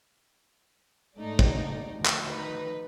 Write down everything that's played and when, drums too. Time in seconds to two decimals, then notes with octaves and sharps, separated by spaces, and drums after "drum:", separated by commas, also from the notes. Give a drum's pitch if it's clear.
1.17 G#2 A3 D#4 D5
1.39 drum: kick
1.95 D2 D#3 F3
2.06 drum: clap
2.27 D#4 B4